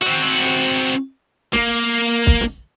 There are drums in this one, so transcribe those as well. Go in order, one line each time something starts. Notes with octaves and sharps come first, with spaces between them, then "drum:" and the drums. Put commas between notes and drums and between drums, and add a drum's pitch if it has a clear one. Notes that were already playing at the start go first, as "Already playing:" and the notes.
C4 F#4, drum: hi-hat
drum: open hi-hat
A#3, drum: snare
drum: kick B1
drum: snare